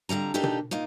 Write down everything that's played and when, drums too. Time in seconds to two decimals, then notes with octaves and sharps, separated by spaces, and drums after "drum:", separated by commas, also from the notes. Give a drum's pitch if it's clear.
0.09 F2 D3 G3 A#5
0.34 A#3 D4 D#4 G4 A4
0.44 drum: tom B2
0.71 A#3 D#4 F4